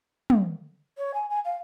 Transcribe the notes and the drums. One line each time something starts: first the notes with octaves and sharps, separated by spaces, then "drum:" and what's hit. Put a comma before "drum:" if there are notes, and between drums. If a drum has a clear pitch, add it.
drum: tom
C#5
G#5
G#5
F5